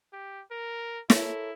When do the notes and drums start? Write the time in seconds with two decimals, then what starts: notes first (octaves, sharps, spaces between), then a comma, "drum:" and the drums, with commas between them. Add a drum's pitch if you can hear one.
0.13 G4
0.51 A#4
1.10 E4 A4 A#4 C#5, drum: snare